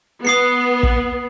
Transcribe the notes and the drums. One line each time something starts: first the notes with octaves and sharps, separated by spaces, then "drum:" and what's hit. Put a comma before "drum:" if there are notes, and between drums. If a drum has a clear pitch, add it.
B3 D#6 C7 C#7
drum: kick